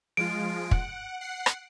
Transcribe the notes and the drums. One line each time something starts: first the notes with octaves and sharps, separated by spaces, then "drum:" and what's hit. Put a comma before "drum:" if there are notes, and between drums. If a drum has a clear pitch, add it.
F3 G#3 F4 D7
F#5, drum: kick
F#5 C7
drum: rim click